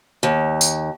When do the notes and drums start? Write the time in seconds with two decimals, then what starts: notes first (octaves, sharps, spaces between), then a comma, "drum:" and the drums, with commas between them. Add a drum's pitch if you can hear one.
0.23 D#2
0.61 drum: tambourine